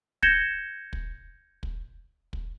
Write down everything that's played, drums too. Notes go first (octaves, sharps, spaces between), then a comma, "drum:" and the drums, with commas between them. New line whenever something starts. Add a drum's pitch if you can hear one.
G6 G#6 A#6 C#7 E7 G7, drum: kick
drum: kick
drum: kick
drum: kick